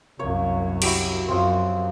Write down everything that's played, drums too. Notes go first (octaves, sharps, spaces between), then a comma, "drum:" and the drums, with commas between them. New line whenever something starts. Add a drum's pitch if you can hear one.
C2 F#2 A#3 C#5
E4 F#4 G4, drum: cymbal
F#2 F3 C4